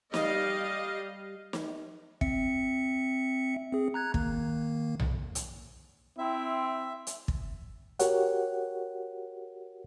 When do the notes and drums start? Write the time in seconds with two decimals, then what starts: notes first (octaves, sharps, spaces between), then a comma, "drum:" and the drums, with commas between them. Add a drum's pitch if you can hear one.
0.14 G3 D#5 F5, drum: snare
1.53 drum: snare
2.21 C4 E5 C#7, drum: kick
3.72 C4 G#4
3.94 A#5 F#6 G#6
4.14 D#3 A#3, drum: kick
5.00 drum: tom B1
5.35 drum: hi-hat
6.18 C4 E4 E5
7.07 drum: hi-hat
7.28 drum: kick
7.99 F#4 G4 A#4 C#5 F#5, drum: hi-hat